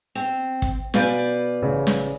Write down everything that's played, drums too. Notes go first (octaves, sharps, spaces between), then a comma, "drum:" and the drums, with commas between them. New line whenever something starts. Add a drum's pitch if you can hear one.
C4
drum: kick
B2 B4 D5 F5 G#5 G6, drum: snare
A1 C#3
drum: snare